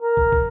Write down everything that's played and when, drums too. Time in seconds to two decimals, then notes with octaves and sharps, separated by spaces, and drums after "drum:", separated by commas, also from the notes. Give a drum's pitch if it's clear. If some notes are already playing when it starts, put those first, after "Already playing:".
0.02 A#4
0.17 drum: kick
0.32 drum: kick